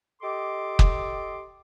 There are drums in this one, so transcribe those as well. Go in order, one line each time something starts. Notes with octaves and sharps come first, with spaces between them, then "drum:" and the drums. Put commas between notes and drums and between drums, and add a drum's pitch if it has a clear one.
G4 A4 D#5 C6 D6
drum: kick